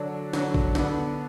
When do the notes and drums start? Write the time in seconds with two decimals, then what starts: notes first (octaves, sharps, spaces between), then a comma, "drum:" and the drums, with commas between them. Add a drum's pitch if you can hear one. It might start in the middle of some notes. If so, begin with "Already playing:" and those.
Already playing: D3 F#3 D4
0.33 D3 F#3 D4, drum: snare
0.54 drum: kick
0.75 D3 B3 D4, drum: snare